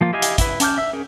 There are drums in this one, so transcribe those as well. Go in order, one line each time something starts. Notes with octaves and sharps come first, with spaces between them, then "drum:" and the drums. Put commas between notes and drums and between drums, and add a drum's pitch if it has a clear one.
F3 A#3 F4
E4 G4 D#5 F5 G#5
drum: hi-hat
E4 B4, drum: kick, hi-hat
C#4 A5 D6 F6 G6, drum: hi-hat
E5 E6
C#4 G#4 A#4